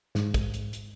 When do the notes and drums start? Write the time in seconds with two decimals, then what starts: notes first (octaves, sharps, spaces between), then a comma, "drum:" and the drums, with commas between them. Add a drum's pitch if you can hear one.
0.15 G#2, drum: snare
0.34 drum: kick, hi-hat
0.54 drum: hi-hat
0.73 drum: hi-hat